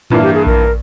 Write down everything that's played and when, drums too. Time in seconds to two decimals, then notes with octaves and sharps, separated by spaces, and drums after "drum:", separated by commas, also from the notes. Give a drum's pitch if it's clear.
0.10 G2 E3 A#3 E4 F4, drum: tom A2
0.22 G4
0.34 G#4
0.46 A#4, drum: kick A#1